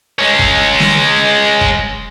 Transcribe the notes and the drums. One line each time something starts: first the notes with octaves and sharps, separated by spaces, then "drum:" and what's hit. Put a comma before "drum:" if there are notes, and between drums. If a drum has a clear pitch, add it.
G#3 C#4
drum: kick
drum: snare
drum: kick